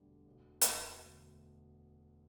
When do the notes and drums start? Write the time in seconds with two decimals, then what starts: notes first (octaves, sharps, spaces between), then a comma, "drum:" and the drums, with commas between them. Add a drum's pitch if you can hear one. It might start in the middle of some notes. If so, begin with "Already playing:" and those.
Already playing: E1 D2 D3 G3
0.26 E1
0.61 E1, drum: hi-hat
0.98 D2